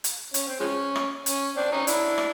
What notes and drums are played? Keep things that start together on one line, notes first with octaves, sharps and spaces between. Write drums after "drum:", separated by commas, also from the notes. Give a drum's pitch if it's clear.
drum: hi-hat
C#4, drum: hi-hat
C4
F3 G#3 C#4
drum: rim click
C#4, drum: hi-hat
C4 D4
C#4 D#4
D4 E4, drum: hi-hat
drum: rim click